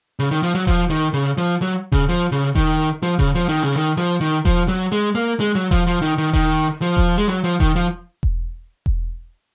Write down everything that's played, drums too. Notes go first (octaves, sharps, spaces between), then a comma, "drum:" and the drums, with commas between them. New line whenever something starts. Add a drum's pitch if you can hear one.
C#3
D#3
F3
F#3
F3, drum: kick E1
D#3
C#3
F3
F#3
C#3, drum: kick E1
F3
C#3
D#3, drum: kick E1
F3
C#3, drum: kick E1
F3
D#3
C#3
D#3
F3
D#3
F3, drum: kick E1
F#3
G#3
A#3
G#3
F#3
F3, drum: kick E1
F3
D#3
D#3
D#3, drum: kick E1
F3
drum: kick E1
G#3
F#3
F3
D#3, drum: kick E1
F3
drum: kick E1
drum: kick E1